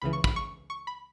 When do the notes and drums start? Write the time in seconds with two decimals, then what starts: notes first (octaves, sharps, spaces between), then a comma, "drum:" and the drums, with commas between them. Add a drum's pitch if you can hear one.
0.02 C#2 C#3 E3 B5
0.13 C#6
0.24 B5, drum: kick
0.36 C#6
0.70 C#6
0.87 B5